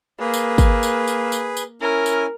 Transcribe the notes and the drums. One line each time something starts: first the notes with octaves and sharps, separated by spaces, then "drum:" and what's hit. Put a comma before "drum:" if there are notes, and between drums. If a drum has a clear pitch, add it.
A#3 G#4 B4
drum: tambourine
drum: kick, tambourine
drum: tambourine
drum: tambourine
drum: tambourine
drum: tambourine
C#4 E4 A#4 G#5
drum: tambourine